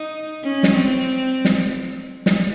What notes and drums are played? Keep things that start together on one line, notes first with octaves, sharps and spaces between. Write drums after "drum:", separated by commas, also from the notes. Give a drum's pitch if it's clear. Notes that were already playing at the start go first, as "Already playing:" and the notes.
Already playing: D#4
C#4
drum: snare
C4
drum: snare
drum: snare